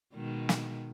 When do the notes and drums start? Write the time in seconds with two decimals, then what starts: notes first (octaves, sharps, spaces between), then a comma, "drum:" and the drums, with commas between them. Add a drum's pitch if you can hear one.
0.14 B2 D#3 G#3
0.49 drum: snare